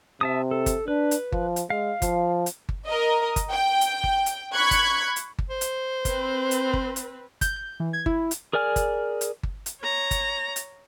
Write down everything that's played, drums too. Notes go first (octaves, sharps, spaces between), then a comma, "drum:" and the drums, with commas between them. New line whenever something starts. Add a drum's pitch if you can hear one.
C3 E5 A5 D#6
A4
drum: kick G1, hi-hat
D4 B4
drum: hi-hat
F3, drum: kick G1
drum: hi-hat
G#3 F5
F3, drum: kick G1, hi-hat
drum: hi-hat
drum: kick G1
A#4 D#5
drum: kick G1, hi-hat
G5
drum: hi-hat
drum: kick G1
drum: hi-hat
B5 C#6 F#6 G#6
drum: kick G1, hi-hat
drum: hi-hat
drum: kick G1
C5
drum: hi-hat
C4 B4, drum: kick G1, hi-hat
drum: hi-hat
drum: kick G1
drum: hi-hat
G6, drum: kick G1, hi-hat
G6
E3
G#6
E4, drum: kick G1
drum: hi-hat
G#4 A#4 D5 G#5 F6
drum: kick G1, hi-hat
drum: hi-hat
drum: kick G1
drum: hi-hat
C#5 A#5
drum: kick G1, hi-hat
drum: hi-hat